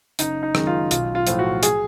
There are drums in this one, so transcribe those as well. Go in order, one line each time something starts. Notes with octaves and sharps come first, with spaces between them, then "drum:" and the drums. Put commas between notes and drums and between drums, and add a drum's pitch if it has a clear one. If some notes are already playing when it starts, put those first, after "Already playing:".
F#1 D#4, drum: hi-hat
D#4
F#2 D#3 G#3, drum: rim click
F4
B1 F4, drum: hi-hat
F4
A2 F3, drum: hi-hat
F#4
G#4, drum: hi-hat